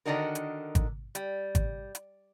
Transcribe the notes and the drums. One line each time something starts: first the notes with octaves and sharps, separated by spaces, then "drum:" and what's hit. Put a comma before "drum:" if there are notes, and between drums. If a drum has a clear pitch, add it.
D3 D#3 D4 D#4 F#4 A#4
drum: hi-hat
drum: kick G#1, hi-hat
G3, drum: hi-hat
drum: kick G#1, hi-hat
drum: hi-hat